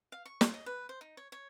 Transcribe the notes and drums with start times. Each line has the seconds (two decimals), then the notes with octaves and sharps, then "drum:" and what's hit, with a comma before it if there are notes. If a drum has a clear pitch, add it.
0.12 F5
0.26 C#6
0.41 F4, drum: snare
0.54 D#5
0.66 B4
0.89 C5
1.01 D#4
1.17 C#5
1.32 C#5